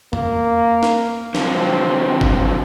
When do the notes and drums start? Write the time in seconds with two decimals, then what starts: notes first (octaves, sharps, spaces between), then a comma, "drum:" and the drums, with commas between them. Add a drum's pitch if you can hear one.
0.13 A#3, drum: tom E2
0.83 drum: snare
1.35 D3 F3 F#3 C4, drum: snare
2.21 drum: kick G1